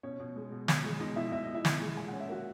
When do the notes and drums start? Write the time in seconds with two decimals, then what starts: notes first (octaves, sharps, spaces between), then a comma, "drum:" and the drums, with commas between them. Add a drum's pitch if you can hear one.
0.03 B2 C#4 C#5
0.20 B2
0.36 G#3
0.52 B2
0.68 B2, drum: snare
0.84 G#3
1.00 B2 D#4 D#5
1.16 B2 E4 E5
1.32 B2 E5
1.43 D#5
1.49 B2
1.54 E4 E5
1.65 B2, drum: snare
1.81 G#3
1.97 A#2 G#5
2.08 C#4 F#5
2.20 E5
2.29 A#3 F#4 F#5